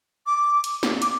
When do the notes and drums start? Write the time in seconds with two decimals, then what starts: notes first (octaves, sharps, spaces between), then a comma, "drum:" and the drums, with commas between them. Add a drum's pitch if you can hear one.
0.27 D6
0.64 drum: hi-hat
0.83 drum: snare
1.02 D6, drum: hi-hat